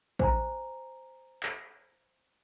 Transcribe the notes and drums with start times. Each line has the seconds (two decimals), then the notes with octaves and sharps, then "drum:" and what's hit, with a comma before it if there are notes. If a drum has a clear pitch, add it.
0.19 C5 G#5 A#5, drum: kick
1.43 drum: clap